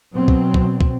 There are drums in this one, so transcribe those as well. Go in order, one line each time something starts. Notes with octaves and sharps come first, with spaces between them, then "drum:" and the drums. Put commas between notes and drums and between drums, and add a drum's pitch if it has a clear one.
B2 F#3 C4
drum: kick
drum: kick
drum: kick